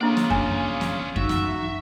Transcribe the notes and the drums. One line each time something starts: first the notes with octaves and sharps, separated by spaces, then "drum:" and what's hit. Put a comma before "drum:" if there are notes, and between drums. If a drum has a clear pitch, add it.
C#3 A#3 C#4 D4 F4 D5
drum: snare
G#5, drum: kick F#2
drum: snare
D#4 F#4 E5, drum: kick F#2
drum: snare